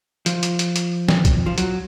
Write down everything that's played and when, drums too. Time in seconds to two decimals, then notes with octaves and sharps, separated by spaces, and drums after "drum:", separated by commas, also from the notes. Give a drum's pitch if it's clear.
0.26 F3, drum: hi-hat
0.43 drum: hi-hat
0.59 drum: hi-hat
0.76 drum: hi-hat
1.08 drum: snare
1.25 drum: kick, hi-hat
1.46 F3
1.58 F#3, drum: hi-hat